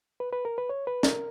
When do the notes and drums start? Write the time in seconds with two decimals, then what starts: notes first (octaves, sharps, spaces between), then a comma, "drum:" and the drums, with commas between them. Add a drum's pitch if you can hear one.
0.20 B4
0.33 B4
0.45 A#4
0.58 B4
0.69 C#5
0.87 B4
1.03 A#4, drum: snare